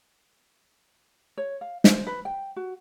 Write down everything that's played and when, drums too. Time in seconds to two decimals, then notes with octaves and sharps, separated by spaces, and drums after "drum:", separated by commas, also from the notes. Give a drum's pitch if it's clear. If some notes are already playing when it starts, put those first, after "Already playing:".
1.38 C#5
1.61 F5
1.84 C5, drum: snare
2.07 B4
2.25 G5
2.56 F#4